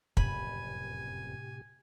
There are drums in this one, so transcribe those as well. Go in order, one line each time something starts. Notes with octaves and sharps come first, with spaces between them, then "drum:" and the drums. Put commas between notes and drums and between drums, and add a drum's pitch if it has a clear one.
F#1 F2 A2 C3 E3 G4 G#5 B5, drum: kick